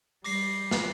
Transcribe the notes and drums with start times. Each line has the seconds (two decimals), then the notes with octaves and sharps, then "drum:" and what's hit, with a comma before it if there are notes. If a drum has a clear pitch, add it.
0.24 G3 D6 A#6 C7, drum: open hi-hat
0.71 drum: snare